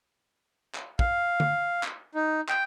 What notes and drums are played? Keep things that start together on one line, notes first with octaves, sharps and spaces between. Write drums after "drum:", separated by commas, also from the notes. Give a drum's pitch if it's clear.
drum: clap
F5, drum: kick
drum: tom D3
drum: clap
D#4
G5, drum: clap